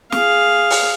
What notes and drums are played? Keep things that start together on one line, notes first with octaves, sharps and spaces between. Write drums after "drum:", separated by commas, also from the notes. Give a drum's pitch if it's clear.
G#4 F5, drum: snare
drum: open hi-hat